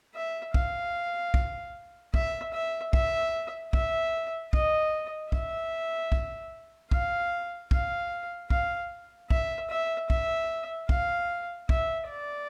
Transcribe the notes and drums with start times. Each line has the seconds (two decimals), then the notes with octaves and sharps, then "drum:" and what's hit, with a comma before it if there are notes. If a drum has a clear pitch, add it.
0.15 E5
0.54 F5, drum: kick
1.34 drum: kick
2.14 E5, drum: kick
2.53 E5
2.93 E5, drum: kick
3.73 E5, drum: kick
4.53 D#5, drum: kick
5.32 E5, drum: kick
6.12 drum: kick
6.91 F5, drum: kick
7.71 F5, drum: kick
8.50 F5, drum: kick
9.30 E5, drum: kick
9.70 E5
10.10 E5, drum: kick
10.89 F5, drum: kick
11.69 E5, drum: kick
12.09 D5